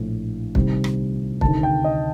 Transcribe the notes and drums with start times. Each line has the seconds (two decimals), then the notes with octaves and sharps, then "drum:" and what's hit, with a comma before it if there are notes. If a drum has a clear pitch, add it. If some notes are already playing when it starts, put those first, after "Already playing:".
Already playing: A#1 A2 A3
0.55 C2 C3 D#3 G3, drum: kick
0.84 drum: rim click
1.41 D2 C3 D#3 A5, drum: kick
1.63 G5
1.84 D#5